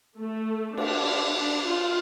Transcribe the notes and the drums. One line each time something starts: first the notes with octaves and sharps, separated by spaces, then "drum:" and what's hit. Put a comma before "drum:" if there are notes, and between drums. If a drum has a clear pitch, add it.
A3
D4, drum: cymbal
D4
F4